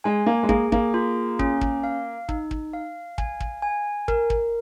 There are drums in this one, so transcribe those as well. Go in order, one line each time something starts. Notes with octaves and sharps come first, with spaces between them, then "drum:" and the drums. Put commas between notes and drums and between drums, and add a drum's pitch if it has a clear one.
G#3 G#5
A#3
G#3
A#3 G#4, drum: kick
A#3, drum: kick
F4
C#4, drum: kick
drum: kick
F5
D#4, drum: kick
drum: kick
F5
G#5, drum: kick
drum: kick
G#5
A#4, drum: kick
drum: kick